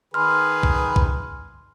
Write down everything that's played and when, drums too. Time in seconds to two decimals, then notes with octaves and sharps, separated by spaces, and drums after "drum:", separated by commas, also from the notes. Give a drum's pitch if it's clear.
0.14 D#3 G#4 B4 C6 F6
0.63 drum: kick B1
0.96 drum: kick B1